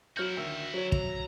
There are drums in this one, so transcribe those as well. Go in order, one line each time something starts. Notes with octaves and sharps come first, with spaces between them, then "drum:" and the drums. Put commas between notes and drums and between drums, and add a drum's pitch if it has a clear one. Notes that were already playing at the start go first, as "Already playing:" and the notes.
F#3 E4 F#4 F6 G6
D2 D#3 E6
F#3 C#5
A#5, drum: kick